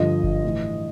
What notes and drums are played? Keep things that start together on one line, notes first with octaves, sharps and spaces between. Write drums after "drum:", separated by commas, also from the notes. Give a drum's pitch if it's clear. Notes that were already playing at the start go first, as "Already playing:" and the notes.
Already playing: G2 D3 F3 D#5
drum: kick F#1
A2 E3